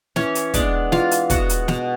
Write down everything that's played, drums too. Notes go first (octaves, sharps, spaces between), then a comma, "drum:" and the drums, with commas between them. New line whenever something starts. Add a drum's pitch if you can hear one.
E3 C#4 C#5, drum: snare
drum: hi-hat
G#3 B3 D4 D5, drum: kick, hi-hat
E3 F4 F5, drum: snare
drum: hi-hat
G#3 B3 F#4 F#5, drum: kick, hi-hat
drum: hi-hat
B2, drum: snare